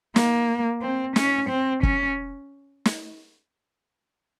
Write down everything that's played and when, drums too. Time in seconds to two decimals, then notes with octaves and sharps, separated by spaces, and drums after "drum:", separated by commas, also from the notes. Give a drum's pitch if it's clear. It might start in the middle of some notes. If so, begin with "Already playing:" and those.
0.16 A#3, drum: snare
0.82 C4
1.16 C#4, drum: snare
1.49 C4
1.83 C#4, drum: kick
2.85 drum: snare